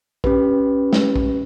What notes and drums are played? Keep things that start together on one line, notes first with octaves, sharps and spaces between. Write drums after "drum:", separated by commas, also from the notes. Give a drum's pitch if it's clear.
C#4 G4 B4, drum: kick
drum: snare
drum: kick